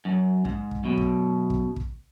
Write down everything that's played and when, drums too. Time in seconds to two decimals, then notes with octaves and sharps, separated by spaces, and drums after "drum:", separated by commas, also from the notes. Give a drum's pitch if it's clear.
0.05 F#2
0.45 G#2, drum: kick
0.71 drum: kick
0.84 F#2 B2
0.97 drum: kick
1.50 drum: kick
1.76 drum: kick